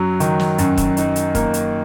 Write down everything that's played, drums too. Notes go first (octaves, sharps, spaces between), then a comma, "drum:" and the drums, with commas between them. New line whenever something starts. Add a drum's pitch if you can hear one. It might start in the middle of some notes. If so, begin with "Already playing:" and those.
Already playing: F#2 F#3
D#3, drum: hi-hat
drum: snare
F#2, drum: hi-hat
drum: kick, hi-hat
D#4, drum: hi-hat
drum: hi-hat
A#3, drum: kick, hi-hat
drum: hi-hat